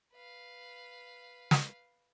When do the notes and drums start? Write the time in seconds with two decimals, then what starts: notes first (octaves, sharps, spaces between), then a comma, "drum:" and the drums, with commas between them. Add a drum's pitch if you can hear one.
0.13 B4 F5
1.51 drum: snare